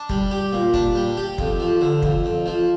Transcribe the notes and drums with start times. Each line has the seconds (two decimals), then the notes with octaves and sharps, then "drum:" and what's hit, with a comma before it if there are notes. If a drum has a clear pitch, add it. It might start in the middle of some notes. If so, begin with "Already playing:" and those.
Already playing: D4
0.09 G3, drum: kick
0.31 G4
0.52 A#2
0.74 D4, drum: kick
0.95 G3
1.17 G4
1.38 F2, drum: kick
1.60 F3
1.81 D3
2.02 F2, drum: kick
2.24 F2
2.46 F3